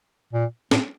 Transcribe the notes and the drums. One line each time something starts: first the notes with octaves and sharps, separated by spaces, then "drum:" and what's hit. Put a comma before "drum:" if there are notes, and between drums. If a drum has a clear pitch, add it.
A#2
A2, drum: snare